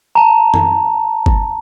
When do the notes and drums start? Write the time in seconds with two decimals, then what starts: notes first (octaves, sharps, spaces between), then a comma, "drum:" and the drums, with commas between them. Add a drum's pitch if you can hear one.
0.15 A5 A#5
0.54 drum: tom F#2
1.26 drum: kick